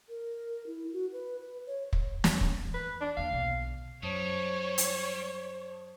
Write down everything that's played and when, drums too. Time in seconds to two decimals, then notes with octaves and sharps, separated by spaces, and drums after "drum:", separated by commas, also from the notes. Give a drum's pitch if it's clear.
0.09 A#4
0.67 E4
0.93 F#4
1.12 B4
1.40 B4
1.67 C#5
1.93 drum: kick
2.24 E2, drum: snare
2.41 drum: kick
2.74 B4
3.01 D4
3.17 D#2 D3 F5
3.33 B1 D3
4.03 F#2 G3 C5 C#5 A5 D#6
4.78 drum: hi-hat